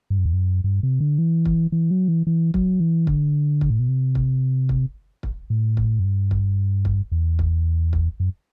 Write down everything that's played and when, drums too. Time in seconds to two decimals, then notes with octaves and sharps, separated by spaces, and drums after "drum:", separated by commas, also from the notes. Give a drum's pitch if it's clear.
0.10 G2
0.18 F#2
0.25 E2
0.33 F#2
0.64 G2
0.83 C3
1.00 D3
1.18 E3
1.45 drum: kick
1.72 E3
1.91 F#3
2.08 E3
2.27 E3
2.54 F#3, drum: kick
2.80 E3
3.07 D3, drum: kick
3.61 drum: kick
3.70 A2
3.79 B2
3.89 C3
4.15 drum: kick
4.69 drum: kick
5.23 drum: kick
5.50 A2
5.77 drum: kick
6.00 F#2
6.05 G2
6.31 drum: kick
6.85 drum: kick
7.12 E2
7.39 drum: kick
7.93 drum: kick
8.20 F#2